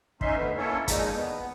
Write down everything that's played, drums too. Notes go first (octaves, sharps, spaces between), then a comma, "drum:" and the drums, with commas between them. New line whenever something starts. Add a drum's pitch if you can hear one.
C#4 D#4 E5 C6, drum: kick
D2 D3 B3
A#3 C#4 E4 A4 C#5
A#2 F3 G#3 D#4, drum: kick, hi-hat
B3